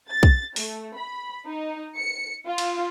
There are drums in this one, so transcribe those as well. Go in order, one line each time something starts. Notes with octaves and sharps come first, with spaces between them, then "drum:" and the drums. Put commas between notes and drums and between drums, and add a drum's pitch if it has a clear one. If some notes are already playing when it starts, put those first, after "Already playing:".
A6
drum: kick
A3, drum: open hi-hat
B5
D#4
C#7
F4
drum: cymbal